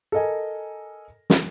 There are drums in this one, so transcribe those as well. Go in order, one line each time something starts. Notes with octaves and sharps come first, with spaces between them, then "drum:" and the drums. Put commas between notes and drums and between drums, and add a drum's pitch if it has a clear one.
A4 A#4 D#5 G#5
drum: snare